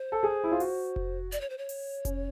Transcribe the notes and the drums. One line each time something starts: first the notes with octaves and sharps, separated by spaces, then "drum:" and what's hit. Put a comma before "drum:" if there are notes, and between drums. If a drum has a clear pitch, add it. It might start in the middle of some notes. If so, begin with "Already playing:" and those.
Already playing: C5
A4
G#4
E4
F4
F#4, drum: open hi-hat
drum: kick F1
D5, drum: hi-hat
C#5
C5
C#5
drum: open hi-hat
C#4, drum: kick F1, hi-hat